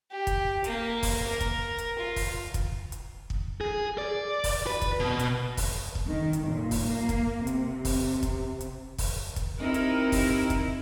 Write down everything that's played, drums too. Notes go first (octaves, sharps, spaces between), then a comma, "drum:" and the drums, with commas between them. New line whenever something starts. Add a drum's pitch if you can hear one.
G4
drum: kick, hi-hat
A#3, drum: hi-hat
drum: kick, open hi-hat
A#4
drum: kick, hi-hat
drum: hi-hat
F4
drum: kick, open hi-hat
drum: kick, hi-hat
drum: hi-hat
drum: kick
G#4
D5
drum: kick, open hi-hat
B4
drum: kick, hi-hat
B2
drum: hi-hat
drum: kick, open hi-hat
drum: kick
D#3
drum: hi-hat
A#2
drum: kick, open hi-hat
A#3
drum: kick, hi-hat
C3, drum: hi-hat
drum: kick, open hi-hat
drum: kick, hi-hat
drum: hi-hat
drum: kick, open hi-hat
drum: kick, hi-hat
C4 D#4 E4 G4 A#4
drum: hi-hat
drum: kick, open hi-hat
drum: kick, hi-hat